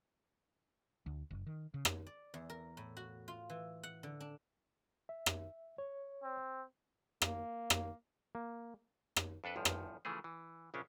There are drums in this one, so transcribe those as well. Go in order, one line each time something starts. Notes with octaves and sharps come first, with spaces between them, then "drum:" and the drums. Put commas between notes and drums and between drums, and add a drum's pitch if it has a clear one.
D2
F#1
D#3
C#3
drum: rim click
D5
E2
A#4
A2
F#4
F4
E3
F#5
D3
D4
E5
drum: rim click
C#5
C4
A#3, drum: rim click
drum: rim click
A#3
drum: rim click
F2 D4 A4 B4
A1 E2 G2 F3
drum: rim click
C#3 E3 F3 A3 G#4
E3
A#1 C#3 C#4 D4 G4